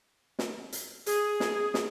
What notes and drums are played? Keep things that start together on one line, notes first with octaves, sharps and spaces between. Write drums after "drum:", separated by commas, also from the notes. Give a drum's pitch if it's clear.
drum: snare
drum: hi-hat
G#4, drum: hi-hat
drum: snare
drum: snare